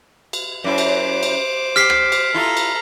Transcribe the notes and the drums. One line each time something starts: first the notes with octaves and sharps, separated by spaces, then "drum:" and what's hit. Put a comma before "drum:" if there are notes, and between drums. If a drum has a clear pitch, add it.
drum: cymbal
F#2 E4 C5 D6
drum: cymbal
drum: cymbal
G4 F6 B6 C7
drum: rim click
drum: cymbal
E4 F4 A4 A#5
drum: cymbal